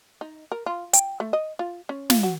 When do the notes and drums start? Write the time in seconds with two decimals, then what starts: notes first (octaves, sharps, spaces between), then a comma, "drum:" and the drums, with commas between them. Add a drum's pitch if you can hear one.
0.21 D#4
0.52 A#4
0.66 F4
0.93 G5, drum: hi-hat
1.20 A3
1.33 D#5
1.59 F4
1.89 C#4
2.10 F4, drum: snare
2.23 F#4